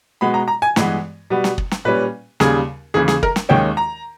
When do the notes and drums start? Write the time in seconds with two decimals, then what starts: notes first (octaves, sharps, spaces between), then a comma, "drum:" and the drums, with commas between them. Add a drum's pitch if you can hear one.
0.21 B2 G#3 B3 B5
0.34 A#5
0.48 A#5
0.62 G#5
0.76 G2 E3 G#3 B3, drum: snare
1.30 B2 G3 B3
1.44 drum: snare
1.58 drum: kick
1.71 drum: snare
1.85 A#2 G3 C#4 B4
2.40 D#2 C#3 G3 G#4, drum: snare
2.94 D#2 C#3 E3 G#4
3.08 G#4, drum: snare
3.23 A#4, drum: kick
3.36 drum: snare
3.49 D#2 D#3 G#3 C#4 G5
3.77 A#5